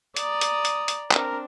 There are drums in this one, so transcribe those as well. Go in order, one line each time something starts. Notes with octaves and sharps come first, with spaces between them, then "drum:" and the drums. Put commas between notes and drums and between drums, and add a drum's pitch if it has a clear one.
D5 A#5 D#6, drum: hi-hat
drum: hi-hat
drum: hi-hat
drum: hi-hat
C4 D4 A#4, drum: clap